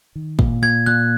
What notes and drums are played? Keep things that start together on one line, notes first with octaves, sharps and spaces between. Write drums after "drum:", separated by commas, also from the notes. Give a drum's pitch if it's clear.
D#3
A#2, drum: kick G#1
A#2 G#6
A#2 F#6